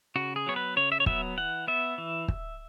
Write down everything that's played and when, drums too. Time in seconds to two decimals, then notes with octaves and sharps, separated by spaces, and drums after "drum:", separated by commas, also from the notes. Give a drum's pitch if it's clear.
0.16 C#3 F#4
0.36 G#4
0.46 F#3 B3 C#5
0.56 B4
0.77 C#3 C#5
0.92 E5
1.00 C#5
1.06 F#3 B3 E5, drum: kick
1.38 E3 F#5
1.68 B3 E5
1.98 E3
2.28 drum: kick